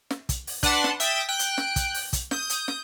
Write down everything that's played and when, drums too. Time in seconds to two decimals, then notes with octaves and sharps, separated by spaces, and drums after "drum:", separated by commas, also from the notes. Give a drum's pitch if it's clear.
0.11 drum: snare
0.29 drum: kick, hi-hat
0.47 drum: open hi-hat
0.63 D4 B4 F#5 A5 C6, drum: kick, hi-hat
0.84 drum: snare
1.00 E5 G5 D#6 A6 B6, drum: hi-hat
1.29 G5 F#6
1.39 drum: hi-hat
1.58 drum: snare
1.76 drum: kick, hi-hat
1.94 drum: open hi-hat
2.13 drum: kick, hi-hat
2.31 D#6 G6, drum: snare
2.50 drum: hi-hat
2.68 drum: snare